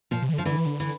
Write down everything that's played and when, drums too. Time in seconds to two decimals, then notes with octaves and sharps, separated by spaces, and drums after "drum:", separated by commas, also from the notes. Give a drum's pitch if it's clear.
0.11 A#2 F3
0.22 C3
0.29 E3
0.33 D3
0.38 F3
0.45 D3 E3
0.56 E3
0.66 D3
0.80 E3, drum: open hi-hat